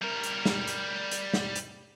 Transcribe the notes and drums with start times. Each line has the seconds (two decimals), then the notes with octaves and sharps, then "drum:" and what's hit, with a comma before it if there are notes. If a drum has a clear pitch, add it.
0.01 G3 A#4
0.23 drum: hi-hat
0.45 drum: snare
0.67 drum: hi-hat
1.11 drum: hi-hat
1.34 drum: snare
1.56 drum: hi-hat